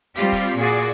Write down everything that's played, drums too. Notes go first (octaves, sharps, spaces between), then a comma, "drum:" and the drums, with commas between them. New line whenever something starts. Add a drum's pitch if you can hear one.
G3 C4 F4 G4, drum: hi-hat
drum: kick, open hi-hat
A#2 F#4 G#4 D5
drum: open hi-hat